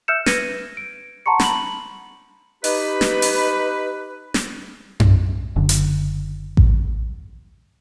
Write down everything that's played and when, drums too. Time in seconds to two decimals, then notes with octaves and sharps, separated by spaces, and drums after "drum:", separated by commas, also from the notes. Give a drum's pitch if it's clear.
0.08 E5 E6 F6 G6 C#7 E7
0.26 B4 G#6 A#6 C#7 D#7, drum: snare
0.77 D7
1.26 F#5 A5 A#5 C6 C#6 C#7
1.40 B5 F#7, drum: snare
2.64 D#4 G4 B4, drum: open hi-hat
3.01 drum: snare
3.22 drum: open hi-hat
4.34 drum: snare
5.00 drum: tom F#2
5.56 F#1 D3
5.69 drum: hi-hat
6.57 drum: kick A1